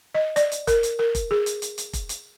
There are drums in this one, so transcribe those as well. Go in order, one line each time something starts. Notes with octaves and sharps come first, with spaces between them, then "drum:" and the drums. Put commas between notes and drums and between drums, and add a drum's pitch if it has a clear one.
D#5
D5, drum: hi-hat
drum: hi-hat
A#4, drum: kick F1, hi-hat
drum: hi-hat
A#4
drum: kick F1, hi-hat
G#4
drum: hi-hat
drum: hi-hat
drum: hi-hat
drum: kick F1, hi-hat
drum: hi-hat